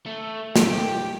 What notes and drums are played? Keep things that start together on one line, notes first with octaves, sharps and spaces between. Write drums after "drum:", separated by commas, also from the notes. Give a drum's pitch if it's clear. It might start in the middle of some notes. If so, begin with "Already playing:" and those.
A3
G4, drum: snare